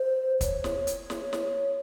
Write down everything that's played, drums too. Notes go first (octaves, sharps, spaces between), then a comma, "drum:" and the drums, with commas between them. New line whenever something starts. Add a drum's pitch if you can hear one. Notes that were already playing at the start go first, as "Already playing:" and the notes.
Already playing: C5
C#5, drum: kick, hi-hat
drum: snare
drum: hi-hat
drum: snare
drum: snare